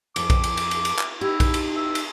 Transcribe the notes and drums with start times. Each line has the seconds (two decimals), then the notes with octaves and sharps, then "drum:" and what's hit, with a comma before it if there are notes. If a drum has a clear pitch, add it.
0.16 F2 D6, drum: cymbal
0.30 drum: kick A#1, cymbal
0.44 drum: cymbal
0.57 drum: cymbal
0.71 drum: cymbal
0.85 drum: cymbal
0.99 drum: clap
1.21 D#4 E4 G4
1.40 drum: kick A#1, cymbal
1.54 drum: cymbal
1.76 E5
1.95 drum: cymbal